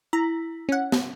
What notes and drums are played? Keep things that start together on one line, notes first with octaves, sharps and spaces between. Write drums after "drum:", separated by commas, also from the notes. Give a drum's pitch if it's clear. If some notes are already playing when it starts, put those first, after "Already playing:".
E4 A#5
C#4 F#5
drum: snare